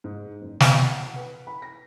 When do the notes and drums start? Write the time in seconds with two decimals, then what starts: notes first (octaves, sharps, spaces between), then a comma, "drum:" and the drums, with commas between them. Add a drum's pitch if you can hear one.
0.04 G#2
0.41 F#1
0.60 B2, drum: snare
0.84 F#5
1.03 F#5
1.16 B4
1.47 B5
1.62 A#6